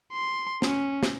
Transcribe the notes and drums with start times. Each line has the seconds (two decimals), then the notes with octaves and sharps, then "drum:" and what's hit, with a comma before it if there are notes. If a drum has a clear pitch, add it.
0.13 C6
0.62 C#4, drum: snare
1.03 drum: snare